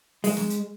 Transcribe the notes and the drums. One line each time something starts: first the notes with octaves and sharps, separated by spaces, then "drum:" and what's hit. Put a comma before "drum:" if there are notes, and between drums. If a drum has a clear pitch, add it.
G#3, drum: open hi-hat
drum: snare
drum: hi-hat